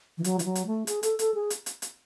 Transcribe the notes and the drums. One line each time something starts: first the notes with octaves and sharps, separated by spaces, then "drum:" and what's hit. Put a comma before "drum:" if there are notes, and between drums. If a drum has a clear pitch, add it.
E3
F#3, drum: hi-hat
E3, drum: hi-hat
F#3
drum: hi-hat
A3
G#4, drum: hi-hat
A4, drum: hi-hat
A4, drum: hi-hat
G#4
drum: hi-hat
drum: hi-hat
drum: hi-hat